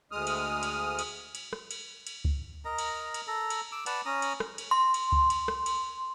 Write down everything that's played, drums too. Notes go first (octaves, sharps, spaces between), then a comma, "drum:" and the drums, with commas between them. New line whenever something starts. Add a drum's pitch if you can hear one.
D2 G#3 D#6 F6
drum: cymbal
drum: cymbal
drum: cymbal
drum: cymbal
drum: rim click
drum: cymbal
drum: cymbal
drum: kick C#2
A#4 D#5 A#5
drum: cymbal
drum: cymbal
A4 A#5
drum: cymbal
D6 E6
B4 D5 F#5 A5, drum: cymbal
C#4 A#5 D#6
drum: cymbal
drum: rim click
drum: cymbal
C6
drum: cymbal
drum: kick C#2
drum: cymbal
drum: rim click
drum: cymbal